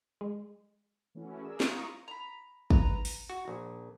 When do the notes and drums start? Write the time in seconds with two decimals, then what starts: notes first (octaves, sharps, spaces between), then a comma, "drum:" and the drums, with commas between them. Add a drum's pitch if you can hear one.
0.21 G#3
1.15 E3 A3 C#4 E4 F#4
1.42 G#4 A#4 D5 G#5 E6
1.60 E4 F4 A#5 C#6 D#6, drum: snare
2.08 A#5 B5
2.70 B4 A#5, drum: kick
3.05 drum: open hi-hat
3.30 F#4
3.48 A#1